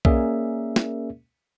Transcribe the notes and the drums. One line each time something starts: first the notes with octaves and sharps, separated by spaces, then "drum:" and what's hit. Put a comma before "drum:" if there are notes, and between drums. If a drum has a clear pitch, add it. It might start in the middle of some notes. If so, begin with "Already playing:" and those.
A#3 C#4 G#4 A#4 D5 E5, drum: kick B1
drum: snare